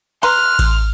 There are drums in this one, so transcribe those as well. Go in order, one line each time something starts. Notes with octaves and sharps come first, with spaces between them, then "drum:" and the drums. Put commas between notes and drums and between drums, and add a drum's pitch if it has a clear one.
B4 A#5 C6 F6 F#6, drum: cymbal
drum: kick A1, cymbal